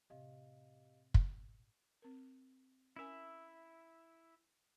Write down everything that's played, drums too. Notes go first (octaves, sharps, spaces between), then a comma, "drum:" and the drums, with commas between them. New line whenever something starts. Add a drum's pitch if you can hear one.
A2 C3 G4 D#5 F5
drum: kick
C4 A#4
C#4 E4 A#4 E5 G#5